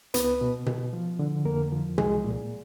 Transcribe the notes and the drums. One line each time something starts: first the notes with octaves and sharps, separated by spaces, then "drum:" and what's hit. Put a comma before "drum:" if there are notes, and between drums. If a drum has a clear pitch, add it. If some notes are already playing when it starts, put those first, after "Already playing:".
C#2 B3 B4, drum: hi-hat
B2
B2, drum: tom B2
F3
D3
F2 A#3 A#4
F3
C2 G#3 G#4, drum: tom B2
A#2